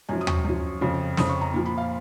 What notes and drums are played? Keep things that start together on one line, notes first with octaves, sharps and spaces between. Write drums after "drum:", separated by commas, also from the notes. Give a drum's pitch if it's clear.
F#2 F3 G#5
D#6
C#6, drum: tom D#2
F#2 F3
F2 C#3 F3
F2 C#3 F3 D#6, drum: snare
C#6
A#5
A#2 F3
B5
F5